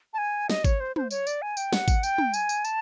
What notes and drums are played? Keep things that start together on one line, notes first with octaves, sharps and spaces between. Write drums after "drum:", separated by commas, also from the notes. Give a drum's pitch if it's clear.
A5
G#5
D#5, drum: snare
C#5, drum: kick G#1, tambourine
C5
C5, drum: tom
C#5, drum: tambourine
D5, drum: tambourine
G#5
G5, drum: tambourine
F#5, drum: snare
drum: kick G#1, tambourine
G5, drum: tambourine
drum: tom
G#5, drum: tambourine
drum: tambourine
A5, drum: tambourine